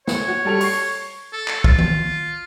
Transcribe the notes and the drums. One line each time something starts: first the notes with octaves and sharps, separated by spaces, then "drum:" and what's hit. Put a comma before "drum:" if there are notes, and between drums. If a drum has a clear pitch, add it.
C#5, drum: snare A3
F#4
G3 A4 F7
C#6 C7, drum: open hi-hat
A4
drum: clap
F4, drum: kick
drum: tom D#3